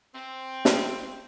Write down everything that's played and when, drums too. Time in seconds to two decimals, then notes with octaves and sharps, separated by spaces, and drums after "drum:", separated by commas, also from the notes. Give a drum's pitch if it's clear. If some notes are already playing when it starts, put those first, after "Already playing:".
0.15 C4
0.65 drum: snare